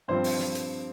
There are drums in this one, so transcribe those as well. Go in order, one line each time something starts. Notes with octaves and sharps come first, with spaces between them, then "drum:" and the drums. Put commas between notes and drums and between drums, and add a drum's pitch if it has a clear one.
G2 F3 C4 C5
drum: open hi-hat
drum: snare
drum: hi-hat